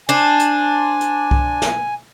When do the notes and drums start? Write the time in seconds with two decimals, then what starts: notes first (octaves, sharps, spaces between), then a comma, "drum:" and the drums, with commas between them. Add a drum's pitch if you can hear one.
0.09 D4 C5 G#5
0.39 drum: hi-hat
1.01 drum: hi-hat
1.31 drum: kick C2
1.62 drum: snare